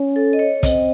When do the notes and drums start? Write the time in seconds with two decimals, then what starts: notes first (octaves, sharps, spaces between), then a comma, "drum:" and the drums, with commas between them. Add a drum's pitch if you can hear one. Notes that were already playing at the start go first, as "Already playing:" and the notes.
Already playing: C#4
0.16 A4
0.33 D#5
0.39 C#5
0.63 C4 D#5, drum: kick, hi-hat